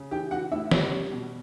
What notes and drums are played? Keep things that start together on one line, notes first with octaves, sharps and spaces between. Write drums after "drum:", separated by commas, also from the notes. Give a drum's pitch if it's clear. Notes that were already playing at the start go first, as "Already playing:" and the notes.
Already playing: C#3
E3 G4 G5
E3 F#4 F#5
A2 E4 E5
G3 C#5, drum: snare
G3
B2